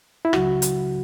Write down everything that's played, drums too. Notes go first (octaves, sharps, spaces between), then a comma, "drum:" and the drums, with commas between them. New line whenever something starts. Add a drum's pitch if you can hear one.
E4
C#2 C#3 F#3 F#4, drum: rim click
drum: hi-hat